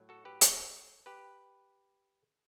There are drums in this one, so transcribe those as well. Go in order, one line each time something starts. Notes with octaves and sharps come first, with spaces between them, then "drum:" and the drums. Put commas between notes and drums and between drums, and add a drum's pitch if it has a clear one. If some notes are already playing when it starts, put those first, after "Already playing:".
Already playing: A2 F#3
F#4 A4
G4 B4
A4 C#5, drum: hi-hat
G4 B4